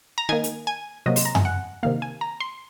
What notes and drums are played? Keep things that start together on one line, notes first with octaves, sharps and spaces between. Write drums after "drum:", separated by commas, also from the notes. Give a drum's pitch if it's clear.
A#5
D#3 A#3 G#5
drum: hi-hat
G#5
C3 F#3 A#3 D#5
C6, drum: open hi-hat
A#5
G#5, drum: tom F#2
F#5
C3 D#3 A#3 F5
G#5
A#5
C6